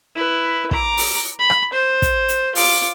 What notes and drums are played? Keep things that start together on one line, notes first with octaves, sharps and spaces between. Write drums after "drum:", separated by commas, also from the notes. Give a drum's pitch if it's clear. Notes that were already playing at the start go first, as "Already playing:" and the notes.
E4 B4
A#5 D6, drum: kick
drum: open hi-hat
B5
drum: rim click
C5
drum: kick, hi-hat
drum: hi-hat
F4 D6, drum: open hi-hat